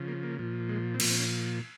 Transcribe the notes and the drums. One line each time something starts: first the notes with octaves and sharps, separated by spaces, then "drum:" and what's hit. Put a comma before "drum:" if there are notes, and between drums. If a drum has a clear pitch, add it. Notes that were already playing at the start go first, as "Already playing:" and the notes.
Already playing: C#3 F3
A#3
A#3
A#2 F3
G#3
C4
A#2 F3 A#3, drum: cymbal
C4
C#4